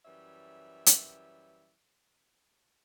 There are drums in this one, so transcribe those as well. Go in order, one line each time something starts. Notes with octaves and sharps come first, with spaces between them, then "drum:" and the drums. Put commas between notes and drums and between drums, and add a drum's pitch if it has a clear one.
F#2 E3 G3 C#5 E5
drum: hi-hat